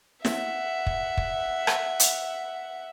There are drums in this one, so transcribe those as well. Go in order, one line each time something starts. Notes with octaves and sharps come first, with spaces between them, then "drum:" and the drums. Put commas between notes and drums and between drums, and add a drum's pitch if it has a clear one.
E5 F#5, drum: snare
drum: kick
drum: kick
drum: rim click
drum: hi-hat